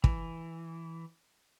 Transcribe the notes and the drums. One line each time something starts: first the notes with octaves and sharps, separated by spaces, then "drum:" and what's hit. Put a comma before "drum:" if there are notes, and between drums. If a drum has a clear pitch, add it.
E3, drum: kick